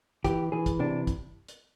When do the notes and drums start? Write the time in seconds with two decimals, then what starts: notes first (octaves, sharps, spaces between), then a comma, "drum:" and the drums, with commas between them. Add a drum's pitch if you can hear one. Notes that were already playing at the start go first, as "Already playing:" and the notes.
0.24 E3 G4, drum: kick, hi-hat
0.52 E3 G#4
0.66 drum: kick, hi-hat
0.79 C3 D4
1.07 drum: kick, hi-hat
1.49 drum: hi-hat